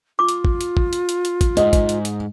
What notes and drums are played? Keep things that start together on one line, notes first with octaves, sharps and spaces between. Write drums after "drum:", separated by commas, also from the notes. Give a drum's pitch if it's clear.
F4 D6
drum: hi-hat
drum: kick
drum: hi-hat
drum: kick
drum: hi-hat
drum: hi-hat
drum: hi-hat
drum: kick, hi-hat
G#2 D#5, drum: hi-hat
drum: kick, hi-hat
drum: hi-hat
drum: hi-hat